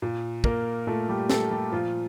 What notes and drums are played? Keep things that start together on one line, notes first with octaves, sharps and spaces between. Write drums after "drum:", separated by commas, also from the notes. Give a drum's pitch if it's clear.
A#2
A#3 A#4, drum: kick
A#2 A3 A4
G3 G4
A3 A4, drum: snare
G3 G4
A#2 F3 F4